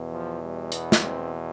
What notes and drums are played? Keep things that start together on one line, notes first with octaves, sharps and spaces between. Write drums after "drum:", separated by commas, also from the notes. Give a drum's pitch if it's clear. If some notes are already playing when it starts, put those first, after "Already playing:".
Already playing: E2 B2
F3
G3
B3, drum: hi-hat
drum: snare
C4